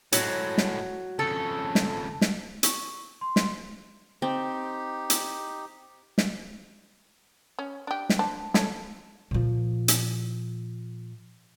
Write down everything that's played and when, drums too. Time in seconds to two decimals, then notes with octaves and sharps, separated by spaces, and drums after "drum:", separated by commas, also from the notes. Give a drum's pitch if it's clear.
0.12 A2 F#3 G#3, drum: hi-hat
0.58 drum: snare
1.19 F2 C#3 A4
1.75 drum: snare
2.21 drum: snare
2.63 C#6, drum: hi-hat
3.21 C6
3.36 drum: snare
4.22 C4 D#4 G4
5.10 drum: hi-hat
6.18 drum: snare
7.59 C#4
7.87 D4 G4
8.09 drum: snare
8.19 D4 C5 A5
8.54 C#3 C#4 A4, drum: snare
9.31 A#2 F3
9.88 drum: hi-hat